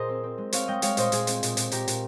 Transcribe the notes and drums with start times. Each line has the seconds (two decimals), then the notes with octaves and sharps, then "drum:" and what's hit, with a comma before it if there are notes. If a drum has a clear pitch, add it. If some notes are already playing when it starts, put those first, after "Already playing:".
Already playing: A#2 G#4 A#4 C5 D#5
0.09 C4
0.23 C4
0.38 G#3
0.53 C4 C#5 F5, drum: hi-hat
0.67 G#3 D#5 G5
0.82 G#3 C#5 F5, drum: hi-hat
0.97 A#2 C5 D#5, drum: hi-hat
1.12 A#2 G#4, drum: hi-hat
1.27 C4, drum: hi-hat
1.43 A#2, drum: hi-hat
1.57 A#2, drum: hi-hat
1.72 A#2 G4 A#4, drum: hi-hat
1.88 A#2, drum: hi-hat